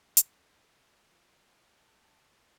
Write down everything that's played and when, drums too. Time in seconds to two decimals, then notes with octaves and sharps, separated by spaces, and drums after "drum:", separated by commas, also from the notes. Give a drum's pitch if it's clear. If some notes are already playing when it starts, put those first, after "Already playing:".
0.17 D3, drum: hi-hat
1.11 F3
1.74 G5 A5